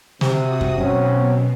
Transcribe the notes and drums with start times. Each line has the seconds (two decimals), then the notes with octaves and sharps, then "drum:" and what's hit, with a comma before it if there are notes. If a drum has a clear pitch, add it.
0.21 C3 F#4 D#6, drum: snare
0.61 drum: kick F#2
0.78 B2 F#3 C4 C#4